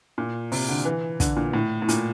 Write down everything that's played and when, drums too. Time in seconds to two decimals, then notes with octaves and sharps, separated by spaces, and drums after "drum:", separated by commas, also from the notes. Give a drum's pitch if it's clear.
0.18 A#2
0.52 C3, drum: open hi-hat
0.69 D3
0.85 E3
1.20 D3, drum: kick, hi-hat
1.36 A#2
1.54 A2
1.82 A2
1.89 A#2, drum: hi-hat